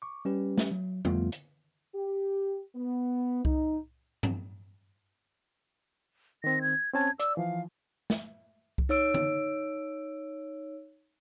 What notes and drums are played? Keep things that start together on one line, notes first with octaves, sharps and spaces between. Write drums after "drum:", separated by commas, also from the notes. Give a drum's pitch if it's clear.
C#6 D6
G3 C#4 G4 B4
drum: snare
F#3
F2 F3 G3 A3 B3 F4, drum: tom D3
drum: hi-hat
G4
B3
D#4, drum: kick C2
drum: tom G2
D#3 C4 A#6
G#6
C4 C#4 A5 G#6
D5 E6, drum: hi-hat
E3 F3 F5
drum: snare
drum: kick C2
D#4 C#5 E6 D7
drum: tom D3